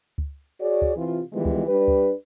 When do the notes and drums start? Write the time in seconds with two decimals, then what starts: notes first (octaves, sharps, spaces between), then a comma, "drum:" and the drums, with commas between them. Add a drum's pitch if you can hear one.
0.18 drum: kick C#2
0.60 F#4 G#4 C#5 D5
0.82 drum: kick C#2
0.96 C3 E3 F4
1.33 D#3 E3 G3 G#3 B3 F4
1.45 drum: kick C#2
1.67 G3 D4 G4 B4
1.88 drum: kick C#2